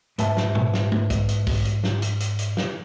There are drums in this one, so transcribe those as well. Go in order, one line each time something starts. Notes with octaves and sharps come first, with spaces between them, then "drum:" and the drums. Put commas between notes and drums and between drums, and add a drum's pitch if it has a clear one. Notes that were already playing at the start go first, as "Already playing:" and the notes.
G#2 B4 E5 A5, drum: hi-hat
drum: snare
drum: tom
drum: snare
drum: tom
drum: kick, hi-hat
drum: hi-hat
drum: kick, open hi-hat
drum: hi-hat
drum: snare
drum: hi-hat
drum: hi-hat
drum: hi-hat
drum: snare